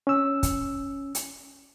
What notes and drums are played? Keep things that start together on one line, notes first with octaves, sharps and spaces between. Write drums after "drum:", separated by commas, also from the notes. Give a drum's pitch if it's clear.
C#4 E6
drum: kick, hi-hat
drum: hi-hat